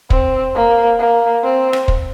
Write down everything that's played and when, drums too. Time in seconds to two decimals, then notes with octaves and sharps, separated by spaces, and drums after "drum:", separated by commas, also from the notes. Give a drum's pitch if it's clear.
0.10 C4, drum: kick
0.55 A#3
0.99 A#3
1.44 C4
1.73 drum: rim click
1.88 drum: kick